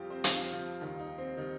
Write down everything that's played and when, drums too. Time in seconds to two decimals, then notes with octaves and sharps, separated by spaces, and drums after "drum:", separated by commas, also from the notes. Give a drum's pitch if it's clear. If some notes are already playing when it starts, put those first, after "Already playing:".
Already playing: F2 F3 G3 F4 G4
0.10 C4 C5
0.24 F2 F3 F4 F5, drum: hi-hat
0.53 F3 F4
0.81 D#2 D#3 G3 D#4
0.99 D#4
1.18 C4
1.37 D#3 G3 D#4